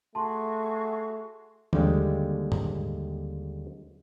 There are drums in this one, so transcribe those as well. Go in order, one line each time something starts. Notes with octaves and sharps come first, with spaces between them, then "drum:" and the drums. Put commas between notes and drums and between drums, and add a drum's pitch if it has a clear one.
A3 F#4 G#4 A5 C6 C#6
D#2 D3 G3 G#3, drum: tom E3
drum: tom G#2